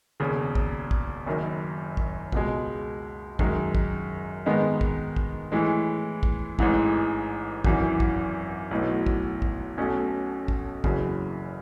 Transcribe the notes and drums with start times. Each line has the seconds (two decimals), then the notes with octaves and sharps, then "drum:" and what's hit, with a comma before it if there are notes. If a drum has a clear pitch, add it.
0.20 E1 D#2 C#3
0.55 drum: kick
0.91 drum: kick
1.27 F#1 F#2 D#3
1.97 drum: kick
2.32 C#2 B2 G#3, drum: kick
3.39 F#2 D#3 G#3 D#4, drum: kick
3.75 drum: kick
4.46 G#2 D#3 G#3 B3 D#4
4.81 drum: kick
5.16 drum: kick
5.52 A2 E3 G#3
6.23 drum: kick
6.59 A1 G#2 E3, drum: kick
7.64 G#1 F#2 E3, drum: kick
8.00 drum: kick
8.71 B1 A2 F#3 B3 D#4
9.06 drum: kick
9.42 drum: kick
9.78 B1 B2 A3 C#4
10.48 drum: kick
10.84 F#1 E2 C#3 F#3, drum: kick